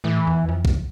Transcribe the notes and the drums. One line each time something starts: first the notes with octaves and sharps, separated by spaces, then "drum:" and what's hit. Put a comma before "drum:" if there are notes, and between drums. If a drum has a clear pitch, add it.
A2 E3
E2
F2
G#2, drum: kick